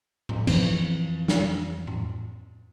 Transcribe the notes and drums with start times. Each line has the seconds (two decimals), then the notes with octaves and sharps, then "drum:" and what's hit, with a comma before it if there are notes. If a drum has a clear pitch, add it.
0.29 drum: tom A2
0.47 F2 E3 C4, drum: cymbal
1.28 drum: snare
1.87 drum: tom A2